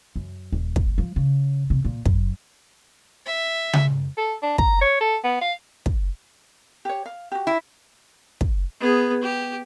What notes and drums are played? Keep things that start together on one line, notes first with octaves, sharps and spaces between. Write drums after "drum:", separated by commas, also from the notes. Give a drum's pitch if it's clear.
F#2
D#1
drum: kick
F3
C#3
C3
A#2
F#2, drum: kick
E5
drum: tom C#3
A4
D4
A#5, drum: kick
C#5
A4
B3
F5
drum: kick
G4 C#5
F5
F#4 G4
E4
drum: kick
B3 G#4
G4